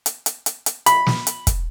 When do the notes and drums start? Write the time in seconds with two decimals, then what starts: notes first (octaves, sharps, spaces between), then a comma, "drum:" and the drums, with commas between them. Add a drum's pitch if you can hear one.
0.06 drum: hi-hat
0.26 drum: hi-hat
0.46 drum: hi-hat
0.66 drum: hi-hat
0.86 B5, drum: hi-hat
1.06 drum: snare
1.27 drum: hi-hat
1.47 drum: kick, hi-hat